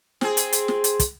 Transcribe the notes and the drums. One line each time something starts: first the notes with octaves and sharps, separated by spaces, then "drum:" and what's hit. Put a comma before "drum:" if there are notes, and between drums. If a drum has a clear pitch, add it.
C4 G#4, drum: snare
drum: hi-hat
drum: hi-hat
drum: snare
drum: hi-hat
drum: kick, hi-hat